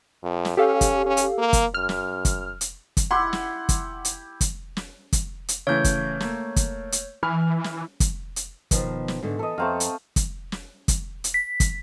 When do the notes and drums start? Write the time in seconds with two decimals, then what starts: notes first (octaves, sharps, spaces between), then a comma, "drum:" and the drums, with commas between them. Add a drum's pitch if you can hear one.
0.23 F2
0.45 drum: snare
0.57 C#4 G4 A4 F5
0.81 drum: kick, hi-hat
1.06 C#4
1.17 drum: hi-hat
1.38 A#3
1.53 drum: kick, hi-hat
1.74 F#2 F6
1.89 drum: snare
2.25 drum: kick, hi-hat
2.61 drum: hi-hat
2.97 drum: kick, hi-hat
3.11 E4 G4 F#5 C6
3.33 drum: snare
3.69 drum: kick, hi-hat
4.05 drum: hi-hat
4.41 drum: kick, hi-hat
4.77 drum: snare
5.13 drum: kick, hi-hat
5.48 drum: hi-hat
5.67 C#3 E3 A3 C#5 G6
5.84 drum: kick, hi-hat
6.20 A3 A#3, drum: snare
6.56 drum: kick, hi-hat
6.92 drum: hi-hat
7.23 E3 G#5 B5 F6
7.64 drum: snare
8.00 drum: kick, hi-hat
8.36 drum: hi-hat
8.71 B2 D#3 F3, drum: kick, hi-hat
9.08 drum: snare
9.23 G#2 D3 A3
9.39 E3 A4 D#5
9.58 F2 A3 C4 F5 A#5
9.80 drum: hi-hat
10.16 drum: kick, hi-hat
10.52 drum: snare
10.88 drum: kick, hi-hat
11.24 drum: hi-hat
11.34 B6
11.60 drum: kick, hi-hat